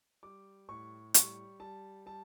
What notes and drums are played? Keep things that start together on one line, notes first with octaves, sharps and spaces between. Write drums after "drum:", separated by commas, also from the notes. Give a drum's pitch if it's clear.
G3 D6
A2 C#6
G3 C#6, drum: hi-hat
G3 A5
G3 A5